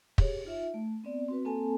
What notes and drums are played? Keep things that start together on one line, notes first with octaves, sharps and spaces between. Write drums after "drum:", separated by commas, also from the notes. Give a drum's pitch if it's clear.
G4 G#4 C#5, drum: kick
D#4 F4 E5
A3
B3 C4 D5
C4 F#4 B4
A#3 C4 A4 G#5 A5